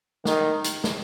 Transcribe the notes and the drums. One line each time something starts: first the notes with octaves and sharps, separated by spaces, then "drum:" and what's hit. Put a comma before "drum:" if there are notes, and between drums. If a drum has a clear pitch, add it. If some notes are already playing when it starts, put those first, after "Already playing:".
D#3, drum: snare
drum: hi-hat
drum: snare